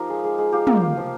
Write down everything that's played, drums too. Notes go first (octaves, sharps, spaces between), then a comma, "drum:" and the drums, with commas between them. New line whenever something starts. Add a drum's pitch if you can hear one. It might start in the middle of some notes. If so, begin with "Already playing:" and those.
Already playing: F3 D#4 F4 G4 A#4
G#3
G#3
G#3
F4 G4
A#3, drum: tom
F4
F3